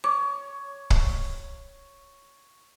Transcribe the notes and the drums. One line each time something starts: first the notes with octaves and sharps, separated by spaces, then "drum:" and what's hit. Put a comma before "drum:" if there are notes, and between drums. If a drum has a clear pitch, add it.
C#5 D6
drum: kick